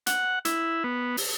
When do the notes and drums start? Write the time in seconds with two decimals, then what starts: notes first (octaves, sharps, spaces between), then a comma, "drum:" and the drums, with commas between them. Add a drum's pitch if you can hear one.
0.07 F#5, drum: hi-hat
0.45 E4, drum: hi-hat
0.84 B3
1.17 drum: open hi-hat